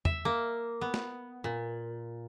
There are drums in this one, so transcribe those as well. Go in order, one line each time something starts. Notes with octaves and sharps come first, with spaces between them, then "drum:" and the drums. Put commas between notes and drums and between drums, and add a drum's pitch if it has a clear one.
E5, drum: tom
A#3
B3
drum: snare
A#2